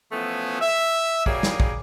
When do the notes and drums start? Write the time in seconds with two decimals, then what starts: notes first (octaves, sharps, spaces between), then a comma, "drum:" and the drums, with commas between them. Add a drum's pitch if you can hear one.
0.12 E3 F3 A3 B3 C#4
0.61 E5
1.26 F#3 G3 A#3 G#4, drum: kick
1.43 drum: snare
1.60 drum: kick